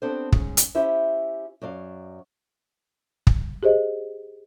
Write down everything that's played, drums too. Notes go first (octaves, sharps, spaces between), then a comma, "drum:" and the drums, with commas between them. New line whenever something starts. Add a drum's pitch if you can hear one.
B3 C4 D4 G4 A4 C5
G#2 C#4 G#4, drum: kick
drum: hi-hat
C#4 E4 G4 C5 E5
F#2 F#3 D5 F5
drum: kick
G4 G#4 C5 D#5